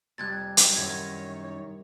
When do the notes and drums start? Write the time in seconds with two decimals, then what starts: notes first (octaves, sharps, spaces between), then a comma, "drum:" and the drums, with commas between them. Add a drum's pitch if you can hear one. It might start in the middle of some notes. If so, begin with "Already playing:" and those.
0.18 F2 C3 G3 F#6 G#6 A6
0.57 drum: hi-hat
0.76 F#2 D#3 E4 A#4 C#5 G#6